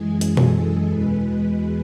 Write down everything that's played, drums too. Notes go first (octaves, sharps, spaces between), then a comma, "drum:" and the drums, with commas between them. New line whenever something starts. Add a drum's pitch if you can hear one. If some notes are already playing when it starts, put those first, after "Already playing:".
Already playing: F#2 E3 G#3 G#4
drum: hi-hat
A4, drum: tom B2
E2 B2 G#3 B4